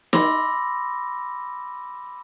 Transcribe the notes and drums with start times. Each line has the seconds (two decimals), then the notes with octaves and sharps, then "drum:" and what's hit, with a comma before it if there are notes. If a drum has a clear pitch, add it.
0.13 B5 C6 D6 E6 A#6, drum: snare